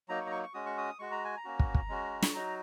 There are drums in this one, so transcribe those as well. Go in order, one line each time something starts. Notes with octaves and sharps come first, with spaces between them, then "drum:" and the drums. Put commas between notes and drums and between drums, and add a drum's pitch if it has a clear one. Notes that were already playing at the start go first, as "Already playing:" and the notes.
F#3 A#3 D#4 A#5
C#6
A#5
C#6
C#6
G#3 C#4 F#4 D#6
C#6
D#6
G#3 F#4 C#6
A#5
G#5
A#5
A#3 C#4 F#4
drum: kick
drum: kick
G#3 C#4 F#4
C#6, drum: snare
F#3 D#4 F#4 A#5